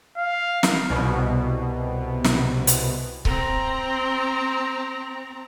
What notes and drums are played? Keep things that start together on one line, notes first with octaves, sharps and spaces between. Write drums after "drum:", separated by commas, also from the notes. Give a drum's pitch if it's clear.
F5
drum: snare
C2 B2
drum: snare
drum: hi-hat
C4 A#5, drum: kick C#1